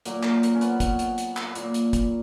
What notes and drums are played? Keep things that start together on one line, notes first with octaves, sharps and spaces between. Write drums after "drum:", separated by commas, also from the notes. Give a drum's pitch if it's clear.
A#2 F#3 A#3, drum: hi-hat
A#4, drum: clap
A#4, drum: hi-hat
C#4
B3, drum: hi-hat
B3, drum: kick, hi-hat
drum: hi-hat
drum: hi-hat
drum: clap
A#2 A#3, drum: hi-hat
drum: hi-hat
drum: kick, hi-hat